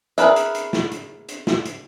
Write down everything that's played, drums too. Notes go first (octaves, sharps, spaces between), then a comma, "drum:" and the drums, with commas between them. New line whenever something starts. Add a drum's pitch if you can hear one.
G#4 A#4 B4 E5, drum: hi-hat
drum: hi-hat
drum: hi-hat
drum: snare
drum: hi-hat
drum: hi-hat
drum: snare
drum: hi-hat